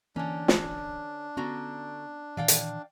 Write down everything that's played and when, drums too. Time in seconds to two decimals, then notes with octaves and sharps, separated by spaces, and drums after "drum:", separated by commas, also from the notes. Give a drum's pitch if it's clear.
0.16 D3 E3 A#3 C#4 D4
0.48 drum: snare
1.37 D3 B3 C#4 F#4 A#5
2.37 A#2 D#3 E3 D5 F5 G5
2.48 drum: hi-hat